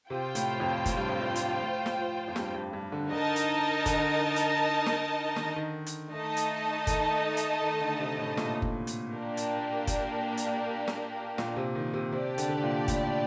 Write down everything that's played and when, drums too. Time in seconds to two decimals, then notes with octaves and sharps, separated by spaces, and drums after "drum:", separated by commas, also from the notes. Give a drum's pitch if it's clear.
0.10 C3 F4 C5 G5
0.35 A2, drum: hi-hat
0.60 F2
0.86 A2, drum: kick F#1, hi-hat
0.97 G2
1.09 F2
1.22 G2
1.36 drum: hi-hat
1.61 A2
1.86 drum: snare
2.28 F2
2.36 G2, drum: snare
2.55 G2
2.73 G2
2.92 D3
3.11 D3 D#4 A#4 D#5 A5
3.36 drum: hi-hat
3.86 D3, drum: kick F#1, hi-hat
4.36 drum: hi-hat
4.86 drum: snare
5.36 D#3, drum: snare
5.56 D#3
5.87 drum: hi-hat
6.11 A3 D#4 A4 D#5 A5
6.37 drum: hi-hat
6.87 D#3, drum: kick F#1, hi-hat
7.37 drum: hi-hat
7.62 D#3
7.81 D3
8.00 C3
8.18 A2
8.37 A#2, drum: snare
8.62 drum: kick F#1
8.87 drum: hi-hat
9.12 A#3 D4 G4 A#4
9.37 drum: hi-hat
9.87 drum: kick F#1, hi-hat
10.37 drum: hi-hat
10.88 drum: snare
11.38 A#2, drum: snare
11.56 C3
11.75 D#3
11.94 C3
12.13 C3 D4 G4 D5
12.38 D3, drum: hi-hat
12.49 D3
12.56 C3
12.63 A#2
12.88 A2, drum: kick F#1, hi-hat